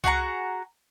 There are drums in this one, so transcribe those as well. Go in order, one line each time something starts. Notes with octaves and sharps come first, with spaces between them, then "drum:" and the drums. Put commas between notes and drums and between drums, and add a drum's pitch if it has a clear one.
F#4 G#4 F#5 A#5, drum: kick C2